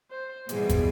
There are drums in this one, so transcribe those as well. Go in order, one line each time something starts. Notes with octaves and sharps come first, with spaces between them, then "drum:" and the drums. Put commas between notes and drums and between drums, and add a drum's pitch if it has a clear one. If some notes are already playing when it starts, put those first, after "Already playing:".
C5
B2 E3 G3 G#4, drum: hi-hat
drum: kick, hi-hat